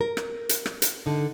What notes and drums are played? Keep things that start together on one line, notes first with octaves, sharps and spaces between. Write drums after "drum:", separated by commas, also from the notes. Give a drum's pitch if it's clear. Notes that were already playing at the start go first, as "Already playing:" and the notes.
A#4
drum: rim click
drum: hi-hat
drum: rim click
drum: hi-hat
D3 D#4